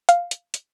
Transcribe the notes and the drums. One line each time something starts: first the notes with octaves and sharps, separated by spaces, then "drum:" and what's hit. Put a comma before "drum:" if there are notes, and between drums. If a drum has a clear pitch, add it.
F5, drum: hi-hat
drum: hi-hat
drum: hi-hat